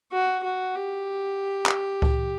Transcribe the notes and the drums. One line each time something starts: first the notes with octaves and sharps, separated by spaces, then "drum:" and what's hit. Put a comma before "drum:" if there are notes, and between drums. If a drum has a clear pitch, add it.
F#4
F#4
G4
drum: clap
drum: kick C#2